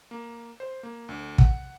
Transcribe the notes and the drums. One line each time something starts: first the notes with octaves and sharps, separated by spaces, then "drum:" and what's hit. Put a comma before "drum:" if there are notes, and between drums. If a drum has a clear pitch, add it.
A#3
C5
A#3
D2
F#5, drum: kick